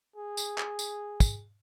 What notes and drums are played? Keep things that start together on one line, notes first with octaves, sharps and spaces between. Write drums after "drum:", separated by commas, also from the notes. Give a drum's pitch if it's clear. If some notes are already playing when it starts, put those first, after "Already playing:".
G#4
drum: tambourine
drum: clap
drum: tambourine
drum: kick, tambourine